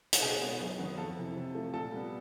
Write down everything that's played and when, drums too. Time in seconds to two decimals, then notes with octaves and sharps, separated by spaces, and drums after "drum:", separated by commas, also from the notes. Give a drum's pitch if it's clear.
0.13 drum: hi-hat
0.22 B2 G#4 G#5
0.41 G#3 B3
0.60 F#2
0.79 D#3 F#3 B3
0.97 F2 A4 A5
1.17 C3 E3
1.35 C3
1.54 F3 A3
1.73 A#2 A4 A5
1.91 G3 B3